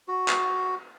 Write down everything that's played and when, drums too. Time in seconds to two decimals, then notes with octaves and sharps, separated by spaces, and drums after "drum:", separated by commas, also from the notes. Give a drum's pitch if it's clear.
0.08 F#4
0.28 drum: clap